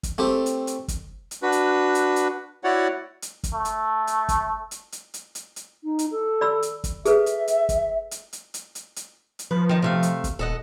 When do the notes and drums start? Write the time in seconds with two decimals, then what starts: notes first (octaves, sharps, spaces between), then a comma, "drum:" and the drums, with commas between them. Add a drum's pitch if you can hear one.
0.03 drum: kick, hi-hat
0.18 A3 C4 G4
0.46 drum: hi-hat
0.67 drum: hi-hat
0.88 drum: kick, hi-hat
1.31 drum: hi-hat
1.43 D4 F#4 B4
1.52 drum: hi-hat
1.95 drum: hi-hat
2.16 drum: hi-hat
2.64 E4 F#4 C#5 D5 F#5
3.22 drum: hi-hat
3.44 drum: kick, hi-hat
3.53 A3
3.65 drum: hi-hat
4.07 drum: hi-hat
4.29 drum: kick, hi-hat
4.71 drum: hi-hat
4.92 drum: hi-hat
5.14 drum: hi-hat
5.35 drum: hi-hat
5.56 drum: hi-hat
5.84 D#4
5.99 drum: hi-hat
6.11 A4
6.41 D5 B5 E6
6.63 drum: hi-hat
6.84 drum: kick, hi-hat
7.05 G#4 A4 B4 E5, drum: hi-hat
7.26 drum: hi-hat
7.48 drum: hi-hat
7.69 drum: kick, hi-hat
8.11 drum: hi-hat
8.33 drum: hi-hat
8.54 drum: hi-hat
8.75 drum: hi-hat
8.96 drum: hi-hat
9.39 drum: hi-hat
9.51 F3 B4
9.69 D#3 D#4
9.82 C3 A3 F5
10.03 drum: hi-hat
10.24 drum: kick, hi-hat
10.39 D#1 A4 D#5 F#5